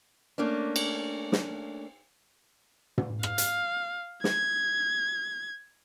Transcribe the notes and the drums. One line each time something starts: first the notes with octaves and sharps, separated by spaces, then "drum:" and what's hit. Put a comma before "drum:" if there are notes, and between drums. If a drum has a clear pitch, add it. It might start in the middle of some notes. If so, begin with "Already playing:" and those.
A3 A#3 C#4 D4
drum: cymbal
drum: snare
drum: tom
F5, drum: rim click
drum: hi-hat
G#6, drum: snare